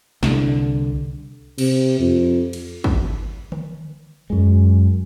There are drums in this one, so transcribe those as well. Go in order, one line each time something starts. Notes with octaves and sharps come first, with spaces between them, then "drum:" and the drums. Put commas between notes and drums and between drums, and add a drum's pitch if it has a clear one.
C2 D3, drum: snare
C3, drum: cymbal
F2
drum: cymbal
drum: kick
drum: tom D3
F#2 G#3